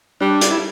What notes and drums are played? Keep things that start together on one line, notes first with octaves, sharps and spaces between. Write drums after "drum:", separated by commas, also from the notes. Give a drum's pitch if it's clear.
G3 D4
drum: hi-hat
E4